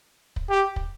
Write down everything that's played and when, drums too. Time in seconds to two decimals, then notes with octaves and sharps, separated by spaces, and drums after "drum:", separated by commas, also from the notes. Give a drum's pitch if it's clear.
0.36 drum: kick
0.50 G4
0.76 drum: kick